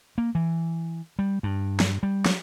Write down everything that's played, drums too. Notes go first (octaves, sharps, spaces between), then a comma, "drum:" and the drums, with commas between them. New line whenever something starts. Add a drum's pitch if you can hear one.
A#3
E3
G3
G2
drum: snare
G3
drum: snare